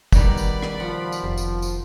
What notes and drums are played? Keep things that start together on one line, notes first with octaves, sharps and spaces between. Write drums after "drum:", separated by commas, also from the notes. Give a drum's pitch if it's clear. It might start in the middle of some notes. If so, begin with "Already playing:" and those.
B2 D#3 G3 D5 B5, drum: kick, tambourine
drum: tambourine
drum: rim click
F3 F#5
drum: tambourine
F1
drum: tambourine
drum: tambourine